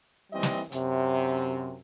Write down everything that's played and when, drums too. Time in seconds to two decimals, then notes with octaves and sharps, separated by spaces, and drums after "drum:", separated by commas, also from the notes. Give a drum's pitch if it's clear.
0.32 D#2 E3 G3 C4 D#5
0.43 drum: snare
0.72 F#2 C3, drum: hi-hat